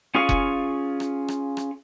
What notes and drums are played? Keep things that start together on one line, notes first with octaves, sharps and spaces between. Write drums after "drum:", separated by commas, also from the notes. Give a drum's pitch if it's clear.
C#4 F4 G#4 F5 C#6
drum: kick F1
drum: rim click
drum: rim click
drum: rim click